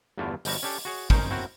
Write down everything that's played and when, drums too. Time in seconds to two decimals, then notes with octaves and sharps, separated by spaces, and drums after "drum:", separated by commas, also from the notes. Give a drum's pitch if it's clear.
0.18 G1 E2 D3 A3 E4 F4
0.45 G1 F3 G3 F#4 E5 A#5, drum: open hi-hat
0.63 C#4 D4 G4 A4
0.85 F#4 G#4 C#5
1.10 C#4 D#4 A#4 C5 C#5, drum: kick
1.30 C4 E4 F#4 A#4 C#5 F#5